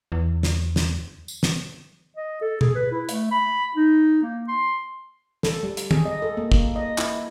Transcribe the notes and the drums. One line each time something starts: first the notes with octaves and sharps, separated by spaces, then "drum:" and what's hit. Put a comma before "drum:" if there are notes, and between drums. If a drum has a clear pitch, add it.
E2
drum: snare
drum: snare
drum: tambourine
drum: snare
D#5
A4
G#4, drum: tom
B4
E4
A3, drum: hi-hat
B5
D#4
A#3
C6
A4, drum: snare
G3
drum: hi-hat
G#4, drum: tom
D#5
A4
A#3
drum: kick
D#5
E4, drum: clap